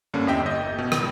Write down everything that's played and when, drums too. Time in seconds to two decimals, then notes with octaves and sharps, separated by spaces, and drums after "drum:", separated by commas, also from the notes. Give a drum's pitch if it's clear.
0.14 G2 D3 A#3 C#4 D4
0.27 E2 G4 D#5 E5 G5 G6
0.45 G1 D#5
0.78 B2
0.92 G#1, drum: rim click